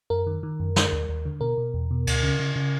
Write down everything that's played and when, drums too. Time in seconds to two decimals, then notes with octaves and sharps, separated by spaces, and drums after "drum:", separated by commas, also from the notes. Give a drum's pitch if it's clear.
0.10 F#2 A#4
0.27 D#3
0.43 D#3
0.60 F#2
0.76 D3, drum: snare
0.92 D#2
1.09 D#2
1.25 D3
1.41 B2 A#4
1.58 B2
1.74 E2
1.91 B2
2.07 D2, drum: cymbal
2.23 C#3
2.40 C#3
2.56 C#3